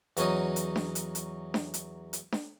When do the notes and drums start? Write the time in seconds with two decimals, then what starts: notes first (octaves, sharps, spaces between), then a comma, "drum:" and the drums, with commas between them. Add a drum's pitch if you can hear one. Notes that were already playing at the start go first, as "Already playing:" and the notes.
0.17 E2 F#3 C#4 D#4, drum: hi-hat
0.56 drum: hi-hat
0.76 drum: snare D4
0.95 drum: hi-hat
1.15 drum: hi-hat
1.54 drum: snare D4
1.74 drum: hi-hat
2.13 drum: hi-hat
2.32 drum: snare D4